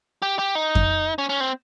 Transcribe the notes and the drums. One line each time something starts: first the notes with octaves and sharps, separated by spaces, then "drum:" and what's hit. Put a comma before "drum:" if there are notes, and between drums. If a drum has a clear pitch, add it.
G4
G4
D#4
drum: kick F2
C#4
C#4
C4